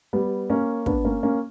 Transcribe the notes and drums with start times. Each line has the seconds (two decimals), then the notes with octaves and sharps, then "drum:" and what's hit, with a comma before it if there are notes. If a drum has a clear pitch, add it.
0.13 G3 B3
0.50 A#3 C#4
0.86 B3 D4, drum: kick
1.05 A#3 C#4
1.23 A#3 C#4